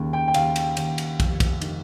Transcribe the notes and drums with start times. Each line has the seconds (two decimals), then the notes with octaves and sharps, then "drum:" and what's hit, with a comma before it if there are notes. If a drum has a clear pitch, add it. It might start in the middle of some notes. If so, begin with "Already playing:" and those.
Already playing: D#2 C#3
0.13 G5
0.28 G5
0.34 D#2 F5, drum: cymbal
0.56 drum: cymbal
0.77 D#2, drum: cymbal
0.98 drum: cymbal
1.20 F1, drum: kick, cymbal
1.40 drum: kick, cymbal
1.62 D#3, drum: cymbal